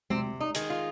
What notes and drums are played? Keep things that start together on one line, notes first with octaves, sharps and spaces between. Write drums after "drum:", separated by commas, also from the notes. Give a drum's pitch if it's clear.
C3 C4, drum: tom G#3
D#4
D#3 G#3, drum: hi-hat
F4